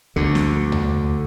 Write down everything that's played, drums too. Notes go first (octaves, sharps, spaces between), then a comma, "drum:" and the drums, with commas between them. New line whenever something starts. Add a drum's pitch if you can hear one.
D2 D3
drum: snare
drum: tom D#2